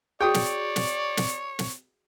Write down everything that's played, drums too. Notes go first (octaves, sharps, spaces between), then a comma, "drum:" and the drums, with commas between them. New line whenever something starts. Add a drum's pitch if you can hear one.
F#4 G#4 C#5 D5 G5 D#6
drum: snare
drum: snare
drum: snare
drum: snare